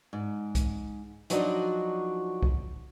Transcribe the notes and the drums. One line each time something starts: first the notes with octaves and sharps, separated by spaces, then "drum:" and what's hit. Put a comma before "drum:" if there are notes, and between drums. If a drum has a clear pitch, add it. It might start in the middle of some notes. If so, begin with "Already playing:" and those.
G#2
drum: kick C2, hi-hat
F3 F#3 D4 D#4 F#4, drum: hi-hat
drum: kick C2